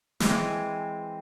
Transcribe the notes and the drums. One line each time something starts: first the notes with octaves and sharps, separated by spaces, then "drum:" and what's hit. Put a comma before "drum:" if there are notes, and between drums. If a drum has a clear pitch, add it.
E3 G#3 C4, drum: snare